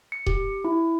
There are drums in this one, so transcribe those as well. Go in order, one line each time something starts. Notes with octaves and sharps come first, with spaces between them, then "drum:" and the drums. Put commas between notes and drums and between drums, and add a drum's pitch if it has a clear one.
C#7
G4, drum: kick D#1
E4